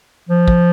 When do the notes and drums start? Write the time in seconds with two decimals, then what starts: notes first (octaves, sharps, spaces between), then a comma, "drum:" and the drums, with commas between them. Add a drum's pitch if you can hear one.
0.29 F3
0.48 drum: kick